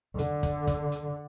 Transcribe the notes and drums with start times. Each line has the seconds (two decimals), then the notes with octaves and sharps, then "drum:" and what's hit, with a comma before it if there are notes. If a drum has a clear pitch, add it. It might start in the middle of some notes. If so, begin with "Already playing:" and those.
0.18 D3, drum: hi-hat
0.43 drum: kick, hi-hat
0.67 drum: kick, hi-hat
0.92 drum: hi-hat